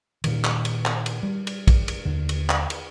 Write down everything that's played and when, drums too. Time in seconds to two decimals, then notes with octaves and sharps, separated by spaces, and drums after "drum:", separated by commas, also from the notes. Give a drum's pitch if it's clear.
0.24 A#2 D#3, drum: cymbal
0.44 drum: clap
0.65 drum: cymbal
0.85 drum: clap
1.06 drum: cymbal
1.23 G3
1.47 drum: cymbal
1.67 drum: kick, cymbal
1.88 drum: cymbal
2.05 D#2 D3
2.29 drum: cymbal
2.50 drum: clap
2.70 drum: cymbal